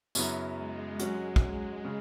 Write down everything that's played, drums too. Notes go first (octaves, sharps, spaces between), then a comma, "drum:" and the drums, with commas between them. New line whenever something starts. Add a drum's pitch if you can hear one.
F#2 C#3 F#3 B3 E4, drum: tambourine
G#3
F#3 C#4 F#4, drum: hi-hat
drum: kick
C#3